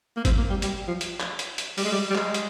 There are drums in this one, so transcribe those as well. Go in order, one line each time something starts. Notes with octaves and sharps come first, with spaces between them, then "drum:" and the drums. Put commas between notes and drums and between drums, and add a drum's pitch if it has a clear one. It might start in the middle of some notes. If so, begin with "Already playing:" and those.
A#3
C4, drum: kick, hi-hat
A#3
G3
G3, drum: hi-hat
F3
drum: hi-hat
drum: clap
drum: hi-hat
drum: hi-hat
G3, drum: open hi-hat
G#3
G3
G3
G#3, drum: clap
drum: hi-hat